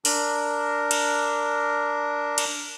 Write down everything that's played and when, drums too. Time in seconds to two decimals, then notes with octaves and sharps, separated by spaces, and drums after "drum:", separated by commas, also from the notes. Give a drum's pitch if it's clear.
0.05 D4 A#4, drum: open hi-hat
0.91 drum: cymbal
2.38 drum: cymbal